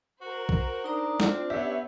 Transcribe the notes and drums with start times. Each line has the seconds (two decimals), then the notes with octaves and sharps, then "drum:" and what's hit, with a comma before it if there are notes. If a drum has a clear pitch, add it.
0.21 F#4 A#4 C5
0.49 drum: kick
0.84 D4 D#4 A#5 D#6
1.20 C4 F4, drum: snare
1.50 B3 C#4 G4 C#5 E5